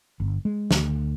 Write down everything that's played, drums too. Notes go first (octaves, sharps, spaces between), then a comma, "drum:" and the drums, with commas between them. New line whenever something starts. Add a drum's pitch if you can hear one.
G1
G#3
D2, drum: snare